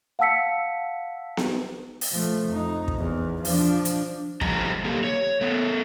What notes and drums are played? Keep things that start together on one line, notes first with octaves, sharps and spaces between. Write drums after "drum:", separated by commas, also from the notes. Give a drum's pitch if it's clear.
F5 F#5 A5 E6 B6 C#7
drum: snare B3
drum: open hi-hat
F3 A3
F2 D#4
drum: kick
E2
F3 D4, drum: open hi-hat
drum: hi-hat
D3 F3 G3 G4 D#5 A#5, drum: kick
A3 A#3 G4
C#5
A3 B3